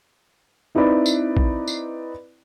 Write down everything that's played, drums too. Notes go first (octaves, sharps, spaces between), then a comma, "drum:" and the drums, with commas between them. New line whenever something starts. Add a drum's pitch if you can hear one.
C4 D#4 E4 B4 D5 B5
drum: tambourine
drum: kick A#1
drum: tambourine